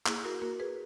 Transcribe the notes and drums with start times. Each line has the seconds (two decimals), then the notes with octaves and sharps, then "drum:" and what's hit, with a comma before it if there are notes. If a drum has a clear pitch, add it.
0.06 A#3 E4 G#4, drum: clap
0.24 F#4 A#4
0.42 A#3 F#4 A#4
0.60 G#4 B4